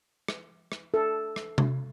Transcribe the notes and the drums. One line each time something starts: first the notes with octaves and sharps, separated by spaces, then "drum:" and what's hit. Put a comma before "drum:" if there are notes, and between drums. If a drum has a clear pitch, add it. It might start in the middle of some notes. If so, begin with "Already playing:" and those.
drum: rim click
drum: rim click
A4
drum: rim click
drum: tom C3